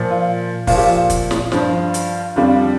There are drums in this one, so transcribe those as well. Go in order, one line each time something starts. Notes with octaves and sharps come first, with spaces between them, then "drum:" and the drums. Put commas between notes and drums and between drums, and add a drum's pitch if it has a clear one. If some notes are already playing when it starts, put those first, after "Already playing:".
Already playing: A#2 F3
F4
A#2 F3 F4, drum: kick, open hi-hat
G4
F4
drum: kick, hi-hat
drum: snare
G2 F3, drum: snare
drum: hi-hat
F2 D3 G3 F4